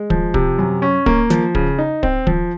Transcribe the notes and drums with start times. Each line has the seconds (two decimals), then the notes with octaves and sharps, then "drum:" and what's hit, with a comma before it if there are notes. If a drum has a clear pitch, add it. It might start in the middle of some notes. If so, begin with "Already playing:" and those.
Already playing: G#3
0.10 F3, drum: kick
0.34 C3, drum: kick
0.59 F#2
0.82 C#4
1.06 A#3, drum: kick
1.30 F3, drum: snare
1.55 C#3, drum: kick
1.78 D#4
2.03 C4, drum: kick
2.27 F3, drum: kick